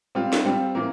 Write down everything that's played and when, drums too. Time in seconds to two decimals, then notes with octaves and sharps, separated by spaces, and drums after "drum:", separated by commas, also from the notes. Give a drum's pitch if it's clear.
0.15 G3 C4 F4
0.33 drum: snare
0.45 G3 C4 F4
0.75 E3 A#3